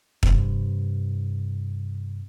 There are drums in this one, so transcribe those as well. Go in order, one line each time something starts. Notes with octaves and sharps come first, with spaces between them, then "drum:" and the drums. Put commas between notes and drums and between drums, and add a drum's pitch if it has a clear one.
G2 C3, drum: kick